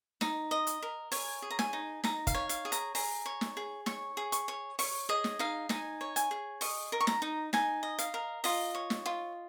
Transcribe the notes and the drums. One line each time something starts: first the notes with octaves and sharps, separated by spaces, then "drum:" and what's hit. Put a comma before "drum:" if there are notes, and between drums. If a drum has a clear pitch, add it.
D#4, drum: snare
D#5
drum: hi-hat
A#4
C#5 G#5, drum: open hi-hat
G#4
A#5
G#5, drum: snare
D#4
D#4 A#5, drum: snare
F5, drum: kick F#1, hi-hat
C#5
F5, drum: hi-hat
G#4
A#5, drum: hi-hat
G#4 A#5, drum: open hi-hat
C#5
drum: snare
G#4
C#5 C#6, drum: snare
G#4
C#6, drum: hi-hat
C#5
C#5 C#6, drum: open hi-hat
G#4 D#5
drum: snare
D#4 F5
D#4 G#5, drum: snare
C#5
G#5, drum: hi-hat
G#4
D#5 C#6, drum: open hi-hat
A#4
C#6
A#5, drum: snare
D#4
D#4 G#5, drum: snare
D#5
F5, drum: hi-hat
A#4
F4 D#5, drum: open hi-hat
C#5
drum: snare
F4